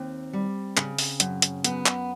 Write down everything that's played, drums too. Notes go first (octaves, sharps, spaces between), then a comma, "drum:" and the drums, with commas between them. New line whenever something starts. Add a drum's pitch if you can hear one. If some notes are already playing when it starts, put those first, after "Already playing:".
Already playing: D#2 C4
G3
C#3, drum: clap
drum: open hi-hat
F#2, drum: hi-hat
drum: hi-hat
F#2 B3, drum: hi-hat
drum: clap